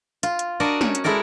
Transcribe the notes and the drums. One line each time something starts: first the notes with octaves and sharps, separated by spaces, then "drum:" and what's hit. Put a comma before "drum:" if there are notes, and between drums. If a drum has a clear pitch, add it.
F4, drum: hi-hat
drum: hi-hat
D4 F#4 A#4 D5 D#5
C#4, drum: snare
drum: hi-hat
G#3 E4 A4 A#4 D5